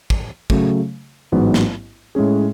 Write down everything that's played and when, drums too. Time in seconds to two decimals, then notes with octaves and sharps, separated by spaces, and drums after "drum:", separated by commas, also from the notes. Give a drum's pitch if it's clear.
0.10 drum: kick
0.50 C#3 F#3 A3, drum: kick
1.32 A1 G#2 F#3 B3
1.54 drum: snare
2.15 A2 G#3 C#4 G#4